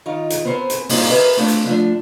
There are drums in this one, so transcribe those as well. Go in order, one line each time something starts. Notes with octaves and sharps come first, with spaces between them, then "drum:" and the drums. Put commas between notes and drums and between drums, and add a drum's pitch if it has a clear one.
D#3 D#4 F4
drum: hi-hat
B3 C4 A#4 C5 G#5
drum: hi-hat
G2 A#2 D3 C4 D#4 F4, drum: open hi-hat
A#4 B4 D#5 E5
A3 C4 D4 F4
drum: hi-hat
D3 F3 A3 D4